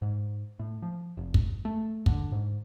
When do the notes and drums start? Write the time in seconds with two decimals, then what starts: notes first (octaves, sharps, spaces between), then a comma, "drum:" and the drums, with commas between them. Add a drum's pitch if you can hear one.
0.02 G#2
0.59 A2
0.82 F3
1.17 F1
1.34 drum: kick
1.65 A3
2.06 D3, drum: kick
2.32 G#2